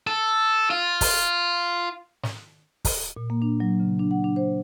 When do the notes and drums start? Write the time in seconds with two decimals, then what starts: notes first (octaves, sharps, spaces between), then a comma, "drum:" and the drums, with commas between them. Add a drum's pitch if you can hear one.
0.07 A4
0.70 F4
1.01 drum: kick, open hi-hat
2.23 drum: snare
2.85 drum: kick, open hi-hat
3.17 A#2
3.30 A#3
3.42 D4
3.60 F#3
3.80 C#3
3.99 D4
4.11 F#5
4.24 D4
4.36 C5